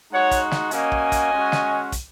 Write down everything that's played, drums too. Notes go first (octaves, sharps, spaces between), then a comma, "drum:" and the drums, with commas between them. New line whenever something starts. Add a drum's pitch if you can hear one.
G#3 D#4 F#4 C#5 F#5
drum: kick, hi-hat
drum: snare
A#3 C#4 F#4 D#5 G#5, drum: hi-hat
drum: kick
drum: kick, hi-hat
G#3 C#4 F#4
drum: snare
drum: kick, hi-hat